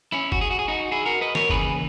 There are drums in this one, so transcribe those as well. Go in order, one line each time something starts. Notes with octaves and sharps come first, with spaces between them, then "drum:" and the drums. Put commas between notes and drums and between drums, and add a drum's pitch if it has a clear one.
C#4 E4
F#4, drum: kick
G#4
F#4
G#4
D#4 F#4
E4 G#4
F#4 A#4
B4 D#5
A#4 C#5, drum: snare
D#2 C#3 E3 G#4 B4, drum: kick